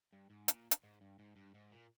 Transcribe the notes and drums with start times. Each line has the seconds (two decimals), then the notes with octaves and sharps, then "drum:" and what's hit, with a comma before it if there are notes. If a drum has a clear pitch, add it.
0.13 G2
0.30 G#2
0.48 A#2, drum: hi-hat
0.71 drum: hi-hat
0.84 G#2
1.01 G2
1.19 G#2
1.36 G2
1.54 G#2
1.71 A#2